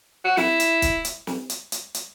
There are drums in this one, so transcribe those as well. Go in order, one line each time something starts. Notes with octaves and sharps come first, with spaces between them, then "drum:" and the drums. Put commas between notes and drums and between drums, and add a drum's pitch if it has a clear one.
F#4
E4, drum: snare
drum: hi-hat
drum: kick, hi-hat
drum: hi-hat
drum: snare
drum: hi-hat
drum: hi-hat
drum: hi-hat